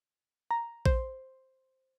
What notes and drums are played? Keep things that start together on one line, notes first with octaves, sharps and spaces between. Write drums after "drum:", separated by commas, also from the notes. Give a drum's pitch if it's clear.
A#5
C5, drum: kick A#1